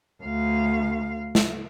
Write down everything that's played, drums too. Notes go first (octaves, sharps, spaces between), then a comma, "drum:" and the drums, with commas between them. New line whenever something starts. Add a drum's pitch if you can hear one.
D2 F5
drum: snare